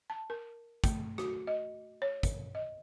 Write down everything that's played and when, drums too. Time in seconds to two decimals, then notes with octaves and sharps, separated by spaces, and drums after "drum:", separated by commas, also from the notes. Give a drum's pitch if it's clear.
0.10 A5
0.30 A#4
0.84 A3, drum: kick, hi-hat
1.18 F#4, drum: rim click
1.47 D#5
2.02 C#5
2.23 drum: kick, hi-hat
2.55 D#5